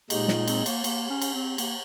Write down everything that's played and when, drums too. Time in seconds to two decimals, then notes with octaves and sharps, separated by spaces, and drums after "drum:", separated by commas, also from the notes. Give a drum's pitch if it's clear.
0.10 A#2 G#3 D#4 G4, drum: cymbal
0.28 F4, drum: snare
0.47 C4, drum: cymbal
0.66 A#3, drum: cymbal
0.84 A#3, drum: cymbal
1.10 C#4
1.22 drum: cymbal
1.35 C4
1.58 A#3, drum: cymbal